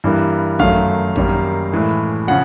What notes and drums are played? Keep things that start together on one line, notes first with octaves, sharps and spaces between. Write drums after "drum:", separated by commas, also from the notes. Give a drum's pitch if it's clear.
G2 E3 G3 A#3
F#2 D#3 F#3 A3 F5, drum: kick G#1
F#2 D#3 G3 A#3, drum: kick G#1
A2 E3 G#3
C#3 F3 F#5